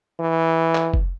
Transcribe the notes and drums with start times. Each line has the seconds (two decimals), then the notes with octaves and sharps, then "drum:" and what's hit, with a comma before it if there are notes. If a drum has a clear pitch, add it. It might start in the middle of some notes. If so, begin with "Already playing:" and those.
0.20 E3
0.75 drum: clap
0.94 drum: kick F1